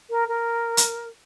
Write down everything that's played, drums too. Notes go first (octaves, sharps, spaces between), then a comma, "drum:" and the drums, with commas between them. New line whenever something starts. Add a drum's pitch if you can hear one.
A#4
A#4
drum: hi-hat